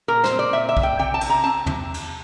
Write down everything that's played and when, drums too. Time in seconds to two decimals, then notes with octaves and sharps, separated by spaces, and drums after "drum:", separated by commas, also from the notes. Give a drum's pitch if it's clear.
0.08 A#2 A#4
0.24 C5, drum: snare
0.32 C4
0.39 D5
0.53 A#2 E5
0.69 E5
0.77 A#2, drum: kick
0.83 G5
0.99 C3 G5
1.14 A5
1.21 C3, drum: cymbal
1.30 A#5
1.44 C4 A5
1.66 C3, drum: tom
1.94 drum: cymbal